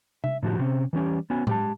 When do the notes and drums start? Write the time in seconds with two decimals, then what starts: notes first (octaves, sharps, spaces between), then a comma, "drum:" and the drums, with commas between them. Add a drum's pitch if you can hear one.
0.24 E5, drum: tom C3
0.43 A2 D3 F3 D#4 F#4 G4
0.59 C3 C4 C#4
0.93 E3 G3 C#4 G4
1.30 B3 C#4 F#4 G#5
1.47 G#3 G4 A5, drum: tom A2